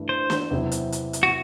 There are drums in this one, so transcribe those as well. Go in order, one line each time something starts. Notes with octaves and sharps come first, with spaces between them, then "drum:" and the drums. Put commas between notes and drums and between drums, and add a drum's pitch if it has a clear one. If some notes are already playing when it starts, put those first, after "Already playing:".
Already playing: G2 E3 A3
C5
drum: snare
E2 C3 F#3 C4 E4
drum: hi-hat
drum: hi-hat
drum: hi-hat
F#4